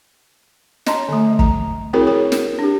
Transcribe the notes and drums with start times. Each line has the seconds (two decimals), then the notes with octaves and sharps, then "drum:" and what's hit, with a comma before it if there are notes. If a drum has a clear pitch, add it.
0.86 C#5 D#5 A5 A#5 C6, drum: snare
1.09 D3 A3
1.39 A#5, drum: kick
1.93 C4 E4 F#4 G#4 A#4 C#5
2.07 G#4 A#4 C#5
2.32 drum: snare
2.59 D4 G4